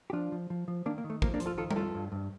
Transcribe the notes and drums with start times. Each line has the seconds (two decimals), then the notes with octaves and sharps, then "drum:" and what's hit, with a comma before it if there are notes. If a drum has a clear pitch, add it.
0.10 G4
0.13 F3 D4 F4
0.32 F3
0.50 F3
0.68 F3
0.86 D#3 A#3 D4
0.98 A#3
1.04 D#3
1.10 A3
1.22 F3 A#3, drum: kick
1.34 A#3 D4
1.40 F3, drum: hi-hat
1.46 F4 A4
1.57 D#3 F4 A4
1.71 A#4, drum: tom G3
1.76 F2 F4 A4
1.95 G2
2.12 G2